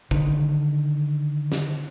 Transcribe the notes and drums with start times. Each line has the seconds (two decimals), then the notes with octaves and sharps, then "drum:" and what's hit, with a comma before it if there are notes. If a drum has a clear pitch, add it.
0.11 D3 D#3, drum: kick
1.52 drum: snare